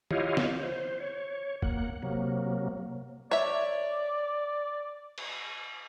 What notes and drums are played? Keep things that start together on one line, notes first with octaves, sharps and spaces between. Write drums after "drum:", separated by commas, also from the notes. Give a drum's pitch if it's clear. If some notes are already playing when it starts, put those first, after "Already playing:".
E4 F4 G4 C#5 D#5 F5, drum: tom
drum: snare
C5
C#5
A#3 F#5, drum: kick F#1
C3 F#3 A#3
C#5 D5 E5
drum: cymbal